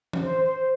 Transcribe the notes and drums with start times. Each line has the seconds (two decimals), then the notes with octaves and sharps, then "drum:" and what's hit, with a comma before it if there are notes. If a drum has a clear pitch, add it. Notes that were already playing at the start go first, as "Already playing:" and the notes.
0.13 drum: tom E3
0.23 C5
0.44 C5